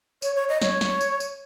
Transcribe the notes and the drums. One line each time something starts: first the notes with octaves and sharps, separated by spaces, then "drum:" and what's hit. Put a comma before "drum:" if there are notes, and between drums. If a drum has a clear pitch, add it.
C#5, drum: tambourine
C#5
D#5
C#5, drum: snare
drum: snare
drum: tambourine
drum: tambourine